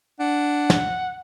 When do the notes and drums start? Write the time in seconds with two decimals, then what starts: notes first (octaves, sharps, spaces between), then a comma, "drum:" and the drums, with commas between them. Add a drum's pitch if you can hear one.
0.20 D4 F#5
0.70 drum: snare